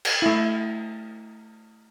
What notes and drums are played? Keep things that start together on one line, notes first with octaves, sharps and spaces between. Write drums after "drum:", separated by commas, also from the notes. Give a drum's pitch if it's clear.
drum: cymbal
A3 E4